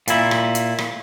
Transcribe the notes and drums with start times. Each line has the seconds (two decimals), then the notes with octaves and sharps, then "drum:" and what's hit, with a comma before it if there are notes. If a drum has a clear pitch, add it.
0.08 A#2 E4, drum: hi-hat
0.31 drum: rim click
0.55 drum: hi-hat
0.78 drum: rim click